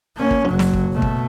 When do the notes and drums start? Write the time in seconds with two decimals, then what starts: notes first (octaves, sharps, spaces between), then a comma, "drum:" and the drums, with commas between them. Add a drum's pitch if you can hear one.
0.16 A#3 C#4
0.31 drum: kick
0.47 F#1 F#3
0.59 drum: snare
0.74 drum: kick
0.93 B2 A3
1.02 drum: kick